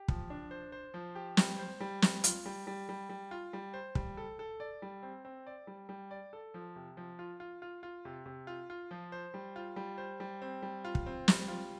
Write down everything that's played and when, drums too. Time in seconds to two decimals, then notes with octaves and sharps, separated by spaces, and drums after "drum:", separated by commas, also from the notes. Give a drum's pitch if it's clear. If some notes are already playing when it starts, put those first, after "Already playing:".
Already playing: G4
0.08 F3, drum: kick
0.30 D4
0.51 C5
0.72 C5
0.94 F3
1.15 G4
1.37 G3, drum: snare
1.59 C5
1.80 G3
2.02 G3, drum: snare
2.24 F4, drum: hi-hat
2.46 G3
2.67 G3
2.89 G3
3.09 G3
3.31 F4
3.53 G3
3.74 C5
3.95 G3, drum: kick
4.17 A4
4.39 A4
4.60 D5
4.82 G3
5.03 C4
5.25 C4
5.47 D5
5.67 G3
5.89 G3
6.11 D5
6.33 A4
6.54 F3
6.76 C3
6.97 F3
7.19 F4
7.40 F4
7.62 F4
7.83 F4
8.05 C3
8.26 C3
8.47 F4
8.70 F4
8.91 F3
9.12 C5
9.34 G3
9.56 F4
9.76 G3
9.98 C5
10.20 G3
10.42 C4
10.62 G3
10.85 F4
10.95 drum: kick
11.06 C4
11.28 G3, drum: snare
11.48 F4